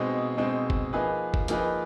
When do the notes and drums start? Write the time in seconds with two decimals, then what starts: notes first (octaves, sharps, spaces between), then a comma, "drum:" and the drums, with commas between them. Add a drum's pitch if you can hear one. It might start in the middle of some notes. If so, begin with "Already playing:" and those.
Already playing: B2 G#3 C4 D#4
0.37 B2 G#3 C4 D#4
0.70 drum: kick
0.93 F3 A#3 D#4 G#4 B4
1.34 drum: kick
1.48 F3 A#3 D#4 G#4 B4, drum: hi-hat